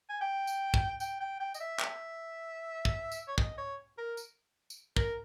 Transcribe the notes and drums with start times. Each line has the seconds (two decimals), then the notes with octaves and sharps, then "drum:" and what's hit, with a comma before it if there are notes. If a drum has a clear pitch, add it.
0.09 G#5
0.21 G5
0.47 drum: tambourine
0.74 drum: kick
1.00 G5, drum: tambourine
1.20 G5
1.40 G5
1.54 D#5, drum: tambourine
1.60 E5
1.79 drum: clap
2.85 drum: kick
3.12 drum: tambourine
3.28 C#5
3.38 D#5, drum: kick
3.58 C#5
3.98 A#4
4.17 drum: tambourine
4.70 drum: tambourine
4.97 A#4, drum: kick